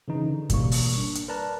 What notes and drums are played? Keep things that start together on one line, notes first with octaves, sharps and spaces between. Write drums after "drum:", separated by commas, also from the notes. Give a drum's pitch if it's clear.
C#3 E3 D#4
D3
A1 B2 G3 A#3 C#6, drum: kick, hi-hat
drum: open hi-hat
D4
drum: hi-hat
A#4 B4 D5 A5 A#5 F#6